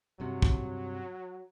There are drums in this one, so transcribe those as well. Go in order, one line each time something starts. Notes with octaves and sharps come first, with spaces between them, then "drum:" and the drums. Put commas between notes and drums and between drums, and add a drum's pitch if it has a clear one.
G2 C3 F#3
drum: kick